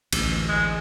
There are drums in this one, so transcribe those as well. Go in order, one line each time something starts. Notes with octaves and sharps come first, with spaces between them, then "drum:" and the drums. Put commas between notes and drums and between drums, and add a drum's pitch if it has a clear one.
A1 D2, drum: cymbal
G#3